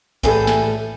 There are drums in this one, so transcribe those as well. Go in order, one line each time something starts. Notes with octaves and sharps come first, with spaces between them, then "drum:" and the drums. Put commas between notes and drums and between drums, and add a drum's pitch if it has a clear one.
A2 E3 G3 G#4 A4, drum: kick B1
drum: snare